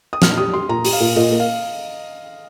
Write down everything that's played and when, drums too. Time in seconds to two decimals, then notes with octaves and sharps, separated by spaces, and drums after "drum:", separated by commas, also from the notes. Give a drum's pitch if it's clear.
0.13 D#6
0.22 A#2 F6, drum: snare
0.38 G4 D#6
0.53 G4 C6
0.69 A#2 A#5
0.85 G4, drum: open hi-hat
0.93 F5
1.00 A#2
1.16 A#2 D#5
1.32 A#3
1.40 F5